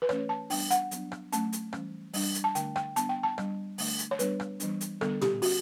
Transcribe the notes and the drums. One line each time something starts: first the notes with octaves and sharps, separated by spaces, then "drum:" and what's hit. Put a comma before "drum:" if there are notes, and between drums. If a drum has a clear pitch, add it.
B4
E3 A3 C#4 C#5, drum: rim click
A5
G3 B3 D4 G5, drum: open hi-hat
F#5, drum: hi-hat
F#3 B3 D4, drum: hi-hat
drum: rim click
F#3 A3 C#4 A5, drum: hi-hat
drum: hi-hat
E3 G3 C#4, drum: rim click
G3 D4, drum: open hi-hat
drum: hi-hat
A5
D3 A3 D4 G5, drum: hi-hat
G5, drum: rim click
G3 B3 D4 A5, drum: hi-hat
G5
A5
G3 D4, drum: rim click
D3 A3 D4, drum: open hi-hat
drum: hi-hat
C#5
G3 B3 D4 B4, drum: hi-hat
drum: rim click
E3 G3 B3 D4, drum: hi-hat
drum: hi-hat
D3 G3 B3 D4 A4, drum: rim click
G4, drum: tom
C#4 F#4, drum: open hi-hat